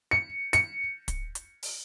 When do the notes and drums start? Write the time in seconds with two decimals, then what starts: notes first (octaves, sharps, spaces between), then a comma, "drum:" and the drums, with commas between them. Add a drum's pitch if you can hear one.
0.11 C#7
0.53 C#7, drum: hi-hat
1.08 drum: kick, hi-hat
1.35 drum: hi-hat
1.63 drum: open hi-hat